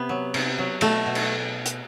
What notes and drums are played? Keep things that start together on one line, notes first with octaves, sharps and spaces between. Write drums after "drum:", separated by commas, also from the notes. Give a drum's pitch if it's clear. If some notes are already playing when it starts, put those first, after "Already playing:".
Already playing: C3 B3
F#3
C3, drum: cymbal
F#3
B2 A3, drum: cymbal
B2
drum: cymbal
drum: hi-hat